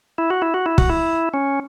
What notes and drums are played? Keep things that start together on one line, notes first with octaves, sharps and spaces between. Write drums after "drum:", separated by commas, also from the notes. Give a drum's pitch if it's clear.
E4
F#4
E4
F#4
E4
F#4, drum: kick
E4
C#4